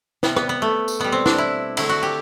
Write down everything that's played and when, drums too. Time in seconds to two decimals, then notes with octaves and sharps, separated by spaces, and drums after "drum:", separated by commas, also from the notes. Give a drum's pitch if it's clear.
0.23 C3 G3 B3, drum: snare
0.36 B3, drum: rim click
0.49 B3
0.62 A3
0.88 drum: tambourine
1.00 B2 G3 B3
1.12 C4
1.26 D4, drum: snare
1.38 E4
1.77 D3 F#3 A3 E4, drum: cymbal
1.89 F#4
2.03 G4